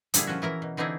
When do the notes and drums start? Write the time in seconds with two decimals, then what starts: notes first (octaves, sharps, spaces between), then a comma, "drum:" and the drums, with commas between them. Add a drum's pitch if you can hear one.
0.14 A#2 D3 G3 E4 G#4, drum: hi-hat
0.27 F3 C#4 F#4
0.42 E3 E4 A#4 A#5
0.62 B2
0.77 D3 E3 C4 D#4 E4 G#4